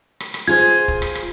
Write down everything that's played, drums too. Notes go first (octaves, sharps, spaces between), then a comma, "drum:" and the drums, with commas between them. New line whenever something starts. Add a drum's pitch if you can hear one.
drum: rim click
drum: rim click
F4 G#4 C5 G#6
drum: kick
drum: rim click
drum: rim click